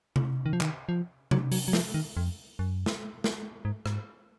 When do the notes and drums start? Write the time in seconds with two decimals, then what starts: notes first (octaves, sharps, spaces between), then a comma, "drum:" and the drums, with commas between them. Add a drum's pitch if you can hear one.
0.16 drum: tom C3
0.46 D#3
0.53 F3
0.61 D#3, drum: clap
0.89 F3
1.31 F#3, drum: tom C3
1.52 F#3, drum: open hi-hat
1.68 F#3
1.73 F3, drum: snare
1.94 D#3
2.17 F2
2.59 F#2
2.86 drum: snare
3.24 drum: snare
3.65 G#2
3.86 G#2, drum: rim click